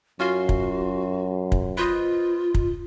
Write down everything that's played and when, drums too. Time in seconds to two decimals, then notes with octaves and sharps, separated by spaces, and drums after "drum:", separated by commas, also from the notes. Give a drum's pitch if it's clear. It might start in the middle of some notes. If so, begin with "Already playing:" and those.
0.20 F#2 C#4 F4 F#4 C6
0.49 drum: kick
1.52 drum: kick
1.77 F4 B4 C5 D#5
2.54 drum: kick